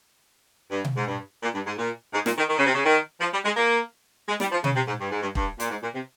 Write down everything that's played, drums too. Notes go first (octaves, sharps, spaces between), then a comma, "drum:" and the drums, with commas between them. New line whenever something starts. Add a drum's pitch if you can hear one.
G2
drum: tom B2
G#2
G2
A#2
G2
G#2
A#2
G#2
A#2, drum: snare
D#3
D#3
C#3
C3
C#3
D#3
F3
G3
G#3
A#3
G#3
G3, drum: snare
F3
C#3, drum: tom B2
C3
G#2
G2
G#2
G2
G2, drum: kick
A#2, drum: hi-hat
G#2
A#2
C3